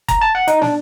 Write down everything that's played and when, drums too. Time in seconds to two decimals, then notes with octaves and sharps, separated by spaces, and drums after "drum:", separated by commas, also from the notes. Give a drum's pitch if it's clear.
0.08 A#5, drum: kick F#1, hi-hat
0.22 A5
0.35 F#5
0.48 D#4, drum: hi-hat
0.62 D4, drum: snare